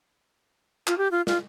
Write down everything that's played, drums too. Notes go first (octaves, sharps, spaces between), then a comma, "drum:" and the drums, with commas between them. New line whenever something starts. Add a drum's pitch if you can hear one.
F4, drum: clap
G4
F4
F4, drum: snare